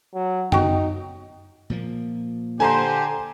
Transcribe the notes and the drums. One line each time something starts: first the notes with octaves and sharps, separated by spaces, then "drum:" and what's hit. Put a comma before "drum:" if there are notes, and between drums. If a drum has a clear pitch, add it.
F#3
D#4 F#4 G5, drum: tom F#2
A#2 F3 A#3
D3 G4 C5 G#5 A#5 C6